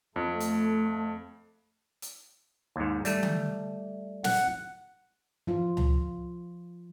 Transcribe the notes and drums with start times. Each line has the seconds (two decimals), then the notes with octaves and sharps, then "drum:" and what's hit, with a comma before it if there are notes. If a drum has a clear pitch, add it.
0.16 F2 A3
0.40 drum: hi-hat
2.02 drum: hi-hat
2.76 D#2 G#2
3.05 G3 A3, drum: hi-hat
3.23 drum: tom D3
4.24 F#5, drum: snare
5.47 F3 F4
5.77 drum: tom C#2